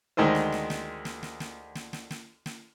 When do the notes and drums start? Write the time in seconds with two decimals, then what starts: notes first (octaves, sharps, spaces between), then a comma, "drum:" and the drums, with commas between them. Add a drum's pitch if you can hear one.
0.17 D2 D#3 G#3 D#4 C5
0.35 drum: snare
0.52 drum: snare
0.70 drum: snare
1.05 drum: snare
1.23 drum: snare
1.40 drum: snare
1.75 drum: snare
1.93 drum: snare
2.11 drum: snare
2.46 drum: snare